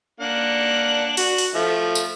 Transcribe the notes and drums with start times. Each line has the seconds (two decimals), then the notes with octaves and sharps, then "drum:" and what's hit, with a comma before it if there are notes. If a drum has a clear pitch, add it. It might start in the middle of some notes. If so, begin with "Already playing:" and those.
0.21 A#3 D4 F#5
1.17 F#4, drum: open hi-hat
1.38 drum: open hi-hat
1.54 F3 A3 E5
1.95 drum: tambourine